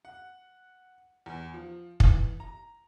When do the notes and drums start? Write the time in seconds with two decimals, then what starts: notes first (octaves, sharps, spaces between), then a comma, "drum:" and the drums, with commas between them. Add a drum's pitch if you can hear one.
0.05 F#5
1.26 E2
1.54 F3
2.00 E3, drum: kick
2.40 A#5